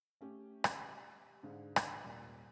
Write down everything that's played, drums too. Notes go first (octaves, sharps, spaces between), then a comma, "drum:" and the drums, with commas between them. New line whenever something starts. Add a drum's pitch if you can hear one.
A3 C#4 G4
drum: rim click
G#2 D3 G#4 F5
drum: rim click
D#1 A#2